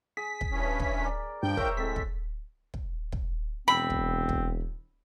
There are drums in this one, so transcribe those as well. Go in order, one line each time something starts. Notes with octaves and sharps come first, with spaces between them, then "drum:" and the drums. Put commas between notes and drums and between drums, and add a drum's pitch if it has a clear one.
G#4 B6
drum: kick
G2 E3 C#4
drum: kick
A#4 D5
G2 F3 G5 G6
A#4 C5 C#5 E5, drum: kick
A2 G#3 C4 A4 B6
drum: kick
drum: kick
drum: kick
E1 C4 B5
drum: kick
drum: kick